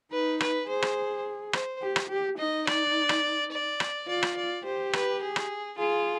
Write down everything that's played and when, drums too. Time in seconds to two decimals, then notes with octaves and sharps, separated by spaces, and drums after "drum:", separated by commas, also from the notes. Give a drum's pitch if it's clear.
0.12 D#4 B4
0.40 B4, drum: rim click
0.68 G#4 C5
0.82 drum: rim click
1.53 C5, drum: rim click
1.82 G4
1.96 drum: rim click
2.09 G4
2.38 D#4 D#5
2.67 D5, drum: rim click
3.09 drum: rim click
3.51 D5
3.80 drum: rim click
4.08 F4 D5
4.23 drum: rim click
4.36 D5
4.64 G4 C5
4.93 B4, drum: rim click
5.22 G#4
5.36 drum: rim click
5.78 F4 G#4